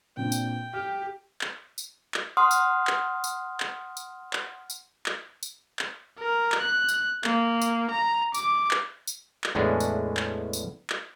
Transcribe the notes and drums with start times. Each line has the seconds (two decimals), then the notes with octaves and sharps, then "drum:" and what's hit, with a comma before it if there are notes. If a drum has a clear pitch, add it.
0.17 A#2 C4 D4 G5
0.32 drum: tambourine
0.74 G4 F6
1.41 drum: clap
1.78 drum: tambourine
2.14 drum: clap
2.37 F#5 C6 D#6 F6
2.51 drum: tambourine
2.87 drum: clap
3.24 drum: tambourine
3.60 drum: clap
3.97 drum: tambourine
4.33 drum: clap
4.70 drum: tambourine
5.06 drum: clap
5.43 drum: tambourine
5.79 drum: clap
6.19 A#4
6.52 drum: clap
6.61 F#6
6.89 drum: tambourine
7.24 A#3, drum: clap
7.62 drum: tambourine
7.91 A#5
8.34 D6, drum: tambourine
8.71 drum: clap
9.07 drum: tambourine
9.44 drum: clap
9.55 E2 A2 G#3 C#4 D4
9.80 drum: tambourine
10.17 drum: clap
10.53 drum: tambourine
10.90 drum: clap